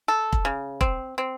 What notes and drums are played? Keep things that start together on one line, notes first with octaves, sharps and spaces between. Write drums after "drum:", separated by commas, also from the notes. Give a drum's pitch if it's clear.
A4
drum: kick
C#3
C4, drum: kick
C4